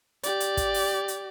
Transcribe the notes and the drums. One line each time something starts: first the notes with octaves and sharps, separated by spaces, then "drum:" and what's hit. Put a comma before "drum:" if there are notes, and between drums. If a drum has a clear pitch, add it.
G4 D5, drum: hi-hat
drum: hi-hat
drum: kick, hi-hat
drum: open hi-hat
drum: hi-hat